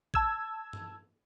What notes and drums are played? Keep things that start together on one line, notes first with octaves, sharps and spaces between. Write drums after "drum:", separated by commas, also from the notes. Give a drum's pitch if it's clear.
A5 E6 G#6, drum: kick A1
drum: tom G2